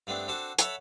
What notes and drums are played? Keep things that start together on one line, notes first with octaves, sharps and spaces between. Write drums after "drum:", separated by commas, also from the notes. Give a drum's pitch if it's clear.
G2 A3 B3 C4 D4
C4 D4 F#4 A4 A5
A4 C#5 E5 F#5 A5 B5, drum: hi-hat